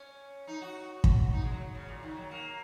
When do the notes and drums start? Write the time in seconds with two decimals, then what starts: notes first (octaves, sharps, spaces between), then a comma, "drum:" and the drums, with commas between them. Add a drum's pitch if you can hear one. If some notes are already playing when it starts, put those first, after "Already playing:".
Already playing: C#4
0.47 D#4
0.62 F#4
1.04 drum: kick
1.33 D#4
1.42 G#3
1.51 F#3
1.75 C#3
1.88 A#2
2.03 D#3
2.17 F#3
2.31 A#3